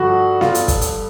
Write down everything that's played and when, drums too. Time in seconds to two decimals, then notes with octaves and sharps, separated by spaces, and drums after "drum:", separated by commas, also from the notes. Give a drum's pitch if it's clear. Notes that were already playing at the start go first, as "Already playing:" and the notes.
Already playing: G2 D3 F3 F#4
0.41 F4, drum: snare B3
0.55 drum: hi-hat
0.68 drum: kick, hi-hat
0.81 drum: hi-hat